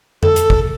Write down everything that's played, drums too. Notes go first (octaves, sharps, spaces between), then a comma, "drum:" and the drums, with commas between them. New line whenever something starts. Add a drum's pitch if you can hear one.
A4, drum: tom F2
drum: hi-hat
drum: kick